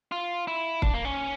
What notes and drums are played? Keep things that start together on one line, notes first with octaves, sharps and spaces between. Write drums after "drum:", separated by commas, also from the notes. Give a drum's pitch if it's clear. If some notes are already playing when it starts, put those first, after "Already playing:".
F4
E4
D4, drum: kick
A#3
C#4